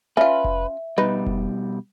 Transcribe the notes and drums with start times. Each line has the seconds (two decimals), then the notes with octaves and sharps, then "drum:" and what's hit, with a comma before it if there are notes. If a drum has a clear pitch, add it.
0.17 C#4 F4 B4 E5
0.44 drum: kick F1
0.98 B2 G3 D#4 B4
1.26 drum: kick F1